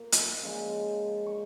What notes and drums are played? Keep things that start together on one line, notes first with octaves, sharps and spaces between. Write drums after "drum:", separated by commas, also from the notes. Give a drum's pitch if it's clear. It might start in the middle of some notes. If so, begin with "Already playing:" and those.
Already playing: A#2 A#3
drum: hi-hat
C#3 F3 G#3
C#6